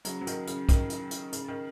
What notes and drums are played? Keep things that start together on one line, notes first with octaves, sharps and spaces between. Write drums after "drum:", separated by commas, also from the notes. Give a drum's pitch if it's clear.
C#3 F#3, drum: hi-hat
F#3
D#3, drum: hi-hat
C#3, drum: hi-hat
D#3, drum: kick, hi-hat
drum: hi-hat
drum: hi-hat
C#3, drum: hi-hat
D#3